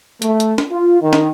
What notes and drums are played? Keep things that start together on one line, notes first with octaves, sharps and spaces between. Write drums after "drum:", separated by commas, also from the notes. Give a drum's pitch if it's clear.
A3, drum: hi-hat
drum: hi-hat
drum: snare
F4
D#3
drum: snare